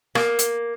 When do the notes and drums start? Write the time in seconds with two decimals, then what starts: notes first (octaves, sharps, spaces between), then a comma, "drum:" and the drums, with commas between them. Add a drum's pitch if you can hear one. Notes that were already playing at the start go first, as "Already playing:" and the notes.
0.15 A#3, drum: rim click
0.39 drum: hi-hat